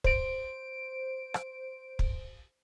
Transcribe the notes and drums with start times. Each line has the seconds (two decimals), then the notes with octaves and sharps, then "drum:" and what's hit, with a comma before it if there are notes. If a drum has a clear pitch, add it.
0.04 C5 D7, drum: kick
1.34 drum: rim click
1.99 drum: kick